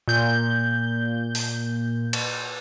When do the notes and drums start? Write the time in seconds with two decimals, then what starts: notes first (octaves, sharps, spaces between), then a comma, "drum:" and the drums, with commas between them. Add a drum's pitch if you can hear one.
0.08 A#2 G6
1.35 drum: open hi-hat
2.13 drum: cymbal